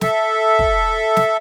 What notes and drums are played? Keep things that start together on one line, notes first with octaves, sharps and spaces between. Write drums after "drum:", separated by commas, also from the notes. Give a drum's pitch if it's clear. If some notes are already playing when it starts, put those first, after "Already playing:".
A4 E5, drum: snare
drum: kick
drum: snare